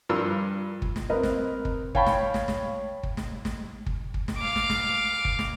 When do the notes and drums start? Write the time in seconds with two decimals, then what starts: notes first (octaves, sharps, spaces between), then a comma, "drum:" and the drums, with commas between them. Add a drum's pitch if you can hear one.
0.09 G2 F3 A#4 E6
0.82 drum: kick
0.96 drum: snare
1.10 C4 A#4 B4 D#5
1.23 drum: snare
1.65 drum: kick
1.95 C#5 F5 G5 A5 B5 C#6, drum: kick
2.06 drum: snare
2.34 drum: snare
2.48 drum: snare
3.03 drum: kick
3.17 drum: snare
3.45 drum: snare
3.86 drum: kick
4.14 drum: kick
4.28 drum: snare
4.38 F5 D6
4.56 drum: snare
4.69 drum: snare
5.25 drum: kick
5.39 drum: snare